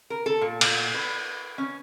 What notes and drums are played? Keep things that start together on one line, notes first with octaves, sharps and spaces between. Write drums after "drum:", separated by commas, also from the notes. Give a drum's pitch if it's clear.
A#4
A4
A#2
A#2, drum: cymbal
B4
C#4